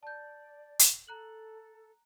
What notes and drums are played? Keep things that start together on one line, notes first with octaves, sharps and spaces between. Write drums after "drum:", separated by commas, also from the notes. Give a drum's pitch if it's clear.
D5 A5 G6
drum: hi-hat
A4 A#5 F#6 F#7